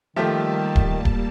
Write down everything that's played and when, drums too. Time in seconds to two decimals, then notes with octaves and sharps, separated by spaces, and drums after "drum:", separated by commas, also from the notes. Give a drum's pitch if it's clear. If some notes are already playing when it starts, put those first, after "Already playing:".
0.16 D#3 F3 G3 A3 A#3 G4 E5 A5
0.76 drum: kick D1
1.05 drum: kick D1